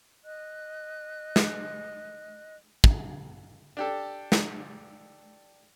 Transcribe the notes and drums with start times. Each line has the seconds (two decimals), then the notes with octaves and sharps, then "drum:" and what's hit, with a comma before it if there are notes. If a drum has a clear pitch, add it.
0.25 D#5 F#6
1.36 drum: snare
2.84 drum: kick
3.77 D4 G4 A4
4.32 drum: snare